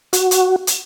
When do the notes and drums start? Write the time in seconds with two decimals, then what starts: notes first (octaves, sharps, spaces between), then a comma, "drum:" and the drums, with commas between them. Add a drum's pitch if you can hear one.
0.13 F#4, drum: hi-hat
0.31 drum: hi-hat
0.67 drum: hi-hat